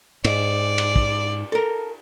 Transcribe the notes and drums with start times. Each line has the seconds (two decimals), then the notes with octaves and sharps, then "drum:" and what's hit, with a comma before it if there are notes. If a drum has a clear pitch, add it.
0.24 G#2 D5, drum: cymbal
0.78 drum: cymbal
0.96 drum: kick
1.52 A4 A#4